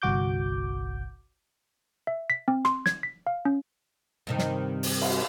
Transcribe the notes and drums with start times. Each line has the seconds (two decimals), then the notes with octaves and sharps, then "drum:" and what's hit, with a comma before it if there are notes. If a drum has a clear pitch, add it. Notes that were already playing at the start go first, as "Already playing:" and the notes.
0.02 G1 C2 F#4 D6 G6
2.07 E5
2.30 B6
2.48 C4
2.65 C6, drum: rim click
2.86 G#6, drum: snare
3.03 B6
3.27 F5
3.45 C#4
4.27 G2 C3 D#3
4.39 drum: snare
4.83 drum: open hi-hat
5.02 drum: cymbal